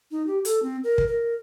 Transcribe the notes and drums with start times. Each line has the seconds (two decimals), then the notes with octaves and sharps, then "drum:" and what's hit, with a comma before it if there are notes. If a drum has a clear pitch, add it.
0.11 D#4
0.27 G4
0.45 A4, drum: hi-hat
0.63 C4
0.84 A#4
0.98 drum: kick
1.08 A#4